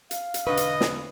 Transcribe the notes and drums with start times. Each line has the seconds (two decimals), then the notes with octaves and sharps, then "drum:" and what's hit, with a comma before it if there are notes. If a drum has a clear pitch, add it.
0.11 F5, drum: hi-hat
0.34 drum: hi-hat
0.47 E1 D3 B4 D#5 C#6
0.57 drum: hi-hat
0.81 drum: snare